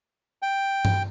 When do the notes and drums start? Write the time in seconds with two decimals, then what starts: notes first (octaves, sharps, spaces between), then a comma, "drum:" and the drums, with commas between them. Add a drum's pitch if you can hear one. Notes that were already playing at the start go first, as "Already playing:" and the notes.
0.42 G5
0.85 drum: tom G2